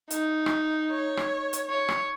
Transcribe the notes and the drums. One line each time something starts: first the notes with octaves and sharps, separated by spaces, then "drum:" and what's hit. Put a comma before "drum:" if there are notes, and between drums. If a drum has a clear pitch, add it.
D#4, drum: hi-hat
drum: rim click
C#5
drum: rim click
drum: hi-hat
C#5
drum: rim click